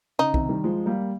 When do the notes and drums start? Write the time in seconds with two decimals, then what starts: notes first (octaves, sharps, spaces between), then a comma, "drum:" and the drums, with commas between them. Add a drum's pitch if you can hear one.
0.19 C#3 D#4
0.34 C3 D#3, drum: kick
0.49 D#3 G3
0.64 F3 G#3
0.86 G3 A#3